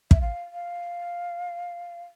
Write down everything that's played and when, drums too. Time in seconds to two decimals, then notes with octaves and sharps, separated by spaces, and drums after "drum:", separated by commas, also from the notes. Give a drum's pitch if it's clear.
0.11 E5, drum: kick
0.21 F5
0.53 F5